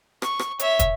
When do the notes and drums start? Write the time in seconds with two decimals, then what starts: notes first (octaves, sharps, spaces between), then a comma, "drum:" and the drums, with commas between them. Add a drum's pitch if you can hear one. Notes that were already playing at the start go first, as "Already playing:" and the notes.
0.22 C#6, drum: rim click
0.39 drum: rim click
0.59 C#5 E5, drum: hi-hat
0.79 drum: kick, hi-hat